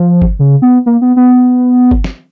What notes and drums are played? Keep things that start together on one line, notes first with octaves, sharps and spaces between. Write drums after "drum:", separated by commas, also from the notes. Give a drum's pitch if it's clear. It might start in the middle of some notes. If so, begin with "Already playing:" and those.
Already playing: F3
drum: kick G1
C#3
B3
A#3
B3
B3
drum: kick G1
drum: snare